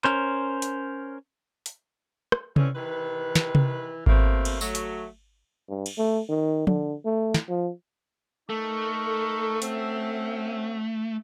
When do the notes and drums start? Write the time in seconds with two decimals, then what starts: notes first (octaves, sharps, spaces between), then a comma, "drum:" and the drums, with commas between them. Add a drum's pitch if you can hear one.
0.04 C#4 A#4 C5, drum: clap
0.62 drum: hi-hat
1.66 drum: hi-hat
2.32 drum: rim click
2.56 D3 E3 C4 C#4, drum: tom C3
2.75 C3 D#3 E3 B4
3.35 drum: snare
3.55 drum: tom C3
4.06 B2 A3 A#3 C4, drum: kick G#1
4.45 drum: cymbal
4.61 F#3 A3, drum: tambourine
4.75 drum: hi-hat
5.69 G2
5.86 drum: cymbal
5.98 A3
6.29 D#3
6.67 D3, drum: tom F3
7.05 A3
7.34 drum: snare
7.49 F3
8.50 A3 D#4 A4 A#4 C#6
9.62 C4 C#4 F#4 E5, drum: hi-hat